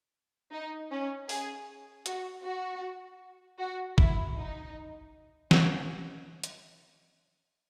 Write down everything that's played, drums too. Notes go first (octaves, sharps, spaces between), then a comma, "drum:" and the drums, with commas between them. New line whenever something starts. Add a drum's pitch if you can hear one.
D#4
C#4
G#4, drum: open hi-hat
F#4, drum: hi-hat
F#4
F#4
E4, drum: kick A1
D#4
C#4, drum: snare
drum: hi-hat